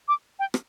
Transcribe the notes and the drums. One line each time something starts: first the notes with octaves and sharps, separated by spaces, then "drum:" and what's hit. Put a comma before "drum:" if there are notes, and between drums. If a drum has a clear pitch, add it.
D6
G5
drum: rim click